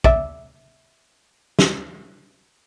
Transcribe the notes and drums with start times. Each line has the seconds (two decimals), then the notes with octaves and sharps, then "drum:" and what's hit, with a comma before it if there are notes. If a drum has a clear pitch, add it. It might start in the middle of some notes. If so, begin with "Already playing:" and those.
0.04 D5 E5, drum: kick
1.59 drum: snare